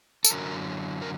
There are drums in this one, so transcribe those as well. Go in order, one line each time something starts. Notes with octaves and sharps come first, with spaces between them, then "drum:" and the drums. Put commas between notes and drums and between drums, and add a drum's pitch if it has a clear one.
A4, drum: tambourine
F#2 D3 F#3 A#4
A#4